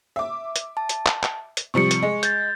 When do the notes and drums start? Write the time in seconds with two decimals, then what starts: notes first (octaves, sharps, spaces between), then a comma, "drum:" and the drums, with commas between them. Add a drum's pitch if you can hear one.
0.16 E5 D6
0.56 drum: hi-hat
0.77 A5
0.89 drum: hi-hat
1.06 drum: clap
1.23 drum: clap
1.57 drum: hi-hat
1.74 C3 F3 G3 C#6 C#7
1.91 drum: hi-hat
2.02 G#3
2.23 G6 A6, drum: hi-hat